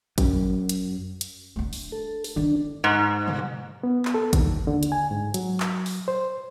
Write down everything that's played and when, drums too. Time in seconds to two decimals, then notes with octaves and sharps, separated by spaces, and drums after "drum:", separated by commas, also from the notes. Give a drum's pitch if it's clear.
0.18 F#2, drum: kick G#1, hi-hat
0.69 drum: hi-hat
1.21 drum: hi-hat
1.56 A3 D4
1.73 drum: open hi-hat
1.92 A4
2.24 drum: open hi-hat
2.36 D#3 D4
2.84 G#2
3.28 drum: tom
3.83 B3
4.05 drum: clap
4.14 A4
4.33 D#2, drum: kick G#1, hi-hat
4.67 D3
4.83 drum: hi-hat
4.92 G#5
5.11 G#2
5.34 F#3, drum: hi-hat
5.60 drum: clap
5.86 drum: open hi-hat
6.08 C5